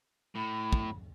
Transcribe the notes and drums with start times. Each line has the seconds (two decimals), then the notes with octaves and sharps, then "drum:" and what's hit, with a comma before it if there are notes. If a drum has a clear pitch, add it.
0.36 A2 B5
0.73 drum: kick